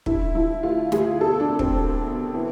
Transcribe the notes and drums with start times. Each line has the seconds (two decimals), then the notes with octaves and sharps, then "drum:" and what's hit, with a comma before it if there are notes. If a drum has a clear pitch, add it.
0.06 D3 E4, drum: kick
0.35 F3 E4
0.63 D2 F4
0.92 D2 G#4, drum: snare
1.21 B2 A4
1.40 D4
1.49 C2
1.59 C4, drum: kick
1.78 C2
2.07 B2
2.35 E3